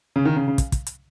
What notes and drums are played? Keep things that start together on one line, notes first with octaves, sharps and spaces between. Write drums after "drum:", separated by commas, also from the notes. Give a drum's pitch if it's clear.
C#3
D#3
C#3
C#3
drum: kick, hi-hat
drum: kick, hi-hat
drum: hi-hat